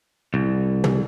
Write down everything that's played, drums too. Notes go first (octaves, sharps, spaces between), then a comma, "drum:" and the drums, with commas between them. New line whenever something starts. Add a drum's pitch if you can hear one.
C2
drum: tom